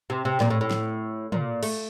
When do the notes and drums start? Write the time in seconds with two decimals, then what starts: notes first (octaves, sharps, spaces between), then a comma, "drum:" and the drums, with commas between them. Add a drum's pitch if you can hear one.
0.10 C3
0.25 C3
0.40 A#2, drum: snare
0.50 A2
0.61 A2
0.70 drum: snare
1.32 A#2, drum: tom
1.63 A3, drum: cymbal